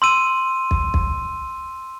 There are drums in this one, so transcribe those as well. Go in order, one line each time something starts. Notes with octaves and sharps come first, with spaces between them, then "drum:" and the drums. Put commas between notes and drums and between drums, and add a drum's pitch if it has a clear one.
C6 E6 D#7
drum: kick
drum: kick